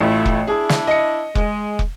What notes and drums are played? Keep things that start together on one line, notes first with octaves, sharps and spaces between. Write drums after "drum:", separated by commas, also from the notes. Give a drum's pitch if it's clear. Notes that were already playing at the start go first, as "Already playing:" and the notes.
A1 A3 E4 F4
drum: kick
D4 E4 G#4
drum: snare
D#5 C#7
G#3, drum: kick
drum: kick